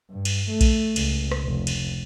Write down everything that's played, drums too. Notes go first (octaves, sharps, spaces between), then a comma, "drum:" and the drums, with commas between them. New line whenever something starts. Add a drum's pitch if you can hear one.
G2
drum: cymbal
A3
drum: kick A#1, cymbal
C#2, drum: cymbal
drum: rim click
F1
drum: cymbal